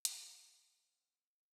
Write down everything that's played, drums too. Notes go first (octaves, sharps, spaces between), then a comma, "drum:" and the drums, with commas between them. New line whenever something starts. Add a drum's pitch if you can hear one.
drum: hi-hat
C4 F5 F#5 C6 G6